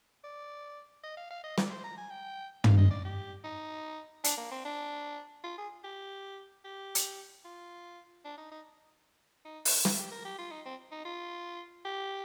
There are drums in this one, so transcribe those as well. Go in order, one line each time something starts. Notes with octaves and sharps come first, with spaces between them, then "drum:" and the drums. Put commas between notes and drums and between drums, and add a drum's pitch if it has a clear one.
D5
D#5
F5
F5
D#5
D5, drum: snare
C5
A#5
G#5
G5
F5, drum: tom
D#5
D5
G4
D#4
D4, drum: hi-hat
A#3
C4
D4
F4
G#4
G4
G4
drum: hi-hat
F4
D4
D#4
D#4
D#4
D4, drum: open hi-hat
F4, drum: snare
G4
A#4
G4
F4
D#4
C4
D#4
F4
G4